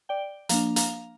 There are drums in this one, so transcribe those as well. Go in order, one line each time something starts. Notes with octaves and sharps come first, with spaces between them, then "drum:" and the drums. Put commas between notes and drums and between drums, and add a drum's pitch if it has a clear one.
D5 G5
F3 A#3 D4 F5 A#5, drum: hi-hat
F5 A#5, drum: hi-hat